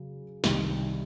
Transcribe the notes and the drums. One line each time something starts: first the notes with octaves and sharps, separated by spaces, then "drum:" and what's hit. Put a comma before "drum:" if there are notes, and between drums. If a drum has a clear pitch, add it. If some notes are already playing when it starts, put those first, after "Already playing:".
Already playing: C#3 F#3
C2 C3 D#3, drum: snare